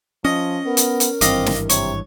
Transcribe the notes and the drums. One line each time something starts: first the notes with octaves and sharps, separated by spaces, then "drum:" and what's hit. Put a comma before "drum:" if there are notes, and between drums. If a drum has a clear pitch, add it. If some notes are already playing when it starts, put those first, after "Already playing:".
F3 C#4 D#5
B3 A#4
drum: hi-hat
drum: hi-hat
G#1 G2 E3 C4 D#5 F5 D6, drum: hi-hat
drum: snare
C3 C#5, drum: hi-hat